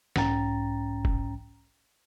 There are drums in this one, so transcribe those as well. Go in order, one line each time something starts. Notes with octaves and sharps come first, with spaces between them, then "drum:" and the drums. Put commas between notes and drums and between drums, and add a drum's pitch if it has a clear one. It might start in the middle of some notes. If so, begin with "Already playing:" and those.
B1 G#2 C#4 G5 A#5 A6, drum: snare
drum: kick F1